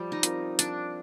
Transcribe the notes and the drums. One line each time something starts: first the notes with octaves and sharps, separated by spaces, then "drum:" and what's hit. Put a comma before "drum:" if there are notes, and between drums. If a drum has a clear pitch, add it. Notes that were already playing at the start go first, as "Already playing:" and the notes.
Already playing: F3 G3
D#4
C4 F4 A#4, drum: hi-hat
F3 D4, drum: hi-hat